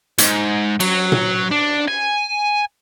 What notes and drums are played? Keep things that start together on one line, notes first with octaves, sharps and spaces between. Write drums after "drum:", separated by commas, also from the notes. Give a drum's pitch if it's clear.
G#2, drum: hi-hat
F#3, drum: cymbal
drum: tom A#2
D4
G#5